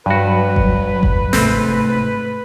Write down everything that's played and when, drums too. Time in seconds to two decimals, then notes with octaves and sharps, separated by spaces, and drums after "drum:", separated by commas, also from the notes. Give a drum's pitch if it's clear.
0.06 G2 F#3 F#4 B4
0.56 drum: kick G1
1.03 drum: kick G1
1.33 G#2 C3 A3 C4 A6, drum: snare